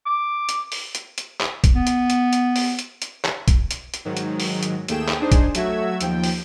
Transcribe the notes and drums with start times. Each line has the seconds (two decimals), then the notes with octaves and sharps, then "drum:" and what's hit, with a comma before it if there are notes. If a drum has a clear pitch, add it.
0.06 D6
0.49 drum: hi-hat
0.72 drum: open hi-hat
0.95 drum: hi-hat
1.18 drum: hi-hat
1.41 drum: clap
1.64 drum: kick, hi-hat
1.75 B3
1.87 drum: hi-hat
2.10 drum: hi-hat
2.33 drum: hi-hat
2.56 drum: open hi-hat
2.79 drum: hi-hat
3.02 drum: hi-hat
3.25 drum: clap
3.48 drum: kick, hi-hat
3.71 drum: hi-hat
3.94 drum: hi-hat
4.05 G#2 D#3 F#3
4.17 drum: hi-hat
4.40 drum: open hi-hat
4.63 drum: hi-hat
4.88 D#2 A3 G#4 G5 E7, drum: hi-hat
5.09 drum: clap
5.20 D4 D#4 G#4 C5
5.32 drum: kick, hi-hat
5.55 F#3 A3 F#4 E5 E6 G#6, drum: hi-hat
6.01 D#2 F3 G5, drum: hi-hat
6.24 drum: open hi-hat